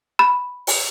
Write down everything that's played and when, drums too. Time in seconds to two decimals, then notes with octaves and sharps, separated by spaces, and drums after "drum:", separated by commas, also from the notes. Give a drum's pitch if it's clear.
0.19 B5
0.67 drum: open hi-hat